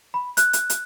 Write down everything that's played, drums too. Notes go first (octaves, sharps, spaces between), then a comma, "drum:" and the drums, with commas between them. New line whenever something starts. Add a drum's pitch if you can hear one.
B5
F#6, drum: hi-hat
drum: hi-hat
drum: hi-hat